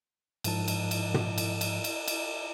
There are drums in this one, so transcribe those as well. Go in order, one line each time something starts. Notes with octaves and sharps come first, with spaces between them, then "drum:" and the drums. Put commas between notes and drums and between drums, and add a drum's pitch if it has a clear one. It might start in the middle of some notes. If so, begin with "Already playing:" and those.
G#2 F3 A5, drum: cymbal
drum: cymbal
drum: cymbal
drum: tom
drum: cymbal
drum: cymbal
drum: cymbal
drum: cymbal